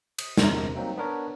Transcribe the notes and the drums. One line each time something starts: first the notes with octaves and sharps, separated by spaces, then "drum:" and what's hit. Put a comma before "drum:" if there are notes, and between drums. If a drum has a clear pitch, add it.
D#6, drum: cymbal
G1 E2 C3 A#4, drum: snare
F#3 G3 A#3 C4 D#4
B3 D4 A#4 C#5